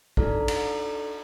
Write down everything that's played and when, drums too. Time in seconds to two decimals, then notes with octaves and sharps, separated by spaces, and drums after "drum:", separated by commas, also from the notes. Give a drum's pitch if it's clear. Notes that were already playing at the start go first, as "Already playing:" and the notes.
0.17 D4 D#4 A4 D5 A#5 D6, drum: kick
0.48 drum: cymbal